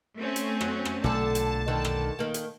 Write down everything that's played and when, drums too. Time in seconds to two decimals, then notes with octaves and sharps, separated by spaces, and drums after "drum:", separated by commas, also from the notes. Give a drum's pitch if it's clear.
0.18 A3 C4 C#4
0.36 drum: hi-hat
0.61 F#3, drum: rim click
0.85 drum: rim click
1.04 B1 A#2 D3 A3 A4 A5
1.35 drum: hi-hat
1.68 D3 D#3
1.85 drum: rim click
2.19 D#3 A#3
2.34 drum: hi-hat